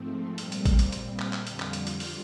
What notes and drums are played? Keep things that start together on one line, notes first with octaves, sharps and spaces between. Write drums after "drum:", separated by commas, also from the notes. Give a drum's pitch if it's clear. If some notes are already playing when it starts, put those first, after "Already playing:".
Already playing: G#2 F3 A3 C4
A#2 G3 C4, drum: hi-hat
drum: hi-hat
drum: kick A1, hi-hat
drum: hi-hat
drum: hi-hat
drum: clap
drum: clap
F2 D3 G3 F4, drum: hi-hat
drum: clap
drum: hi-hat
drum: hi-hat
drum: open hi-hat